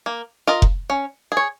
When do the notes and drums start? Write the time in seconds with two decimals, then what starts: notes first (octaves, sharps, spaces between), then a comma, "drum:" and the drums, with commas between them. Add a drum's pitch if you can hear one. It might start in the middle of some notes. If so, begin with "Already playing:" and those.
0.06 A#3
0.47 F4 A#4 D#5
0.62 drum: kick F1
0.90 C#4
1.32 G#4
1.37 C#5